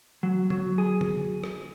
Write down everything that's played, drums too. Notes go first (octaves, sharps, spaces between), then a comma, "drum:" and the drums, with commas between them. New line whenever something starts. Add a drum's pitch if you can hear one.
F#3
F#3, drum: tom
G#4
drum: tom
drum: rim click